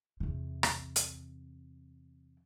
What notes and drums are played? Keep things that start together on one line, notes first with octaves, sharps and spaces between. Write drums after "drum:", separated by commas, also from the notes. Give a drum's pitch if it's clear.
E2 C3
drum: rim click
drum: hi-hat